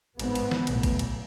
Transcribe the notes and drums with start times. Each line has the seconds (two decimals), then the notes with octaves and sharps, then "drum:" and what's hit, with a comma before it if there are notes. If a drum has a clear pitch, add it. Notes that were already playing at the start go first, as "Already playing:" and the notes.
0.19 G#1 G#2 B3, drum: cymbal
0.35 drum: cymbal
0.51 drum: snare
0.67 B1 A2, drum: cymbal
0.83 drum: kick G#1, cymbal
0.99 drum: cymbal